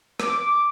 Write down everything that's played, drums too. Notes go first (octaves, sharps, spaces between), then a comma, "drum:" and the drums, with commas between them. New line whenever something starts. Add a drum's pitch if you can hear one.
D6, drum: rim click